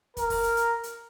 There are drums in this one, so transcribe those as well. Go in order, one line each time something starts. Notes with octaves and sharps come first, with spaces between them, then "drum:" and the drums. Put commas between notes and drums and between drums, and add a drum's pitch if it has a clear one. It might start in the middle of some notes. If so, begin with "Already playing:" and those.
A#4, drum: kick, hi-hat
drum: kick, open hi-hat
drum: hi-hat
drum: hi-hat
drum: hi-hat